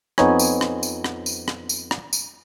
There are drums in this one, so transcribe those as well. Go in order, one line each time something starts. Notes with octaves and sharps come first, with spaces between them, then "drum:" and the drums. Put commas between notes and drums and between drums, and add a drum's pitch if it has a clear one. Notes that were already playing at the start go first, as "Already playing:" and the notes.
F2 B3 C4 D#4 C#5 G#5, drum: rim click
drum: tambourine
drum: rim click
drum: tambourine
drum: rim click
drum: tambourine
drum: rim click
drum: tambourine
drum: rim click
drum: tambourine